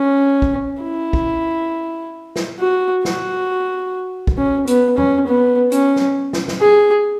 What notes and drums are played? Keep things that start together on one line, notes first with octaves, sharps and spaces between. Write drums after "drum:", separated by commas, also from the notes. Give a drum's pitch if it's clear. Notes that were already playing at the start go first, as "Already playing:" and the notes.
Already playing: C#4
drum: kick
E4
drum: kick
drum: snare
F#4
F#4, drum: snare
drum: kick
C#4
B3, drum: hi-hat
C#4, drum: tom E2
B3
C#4, drum: hi-hat
drum: snare
drum: snare
drum: snare
G#4